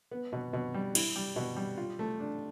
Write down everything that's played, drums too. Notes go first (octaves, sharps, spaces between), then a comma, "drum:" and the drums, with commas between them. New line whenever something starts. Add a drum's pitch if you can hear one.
B3
B2
B2
G3
E4, drum: cymbal
G3
B2
G3
F4
A3
D4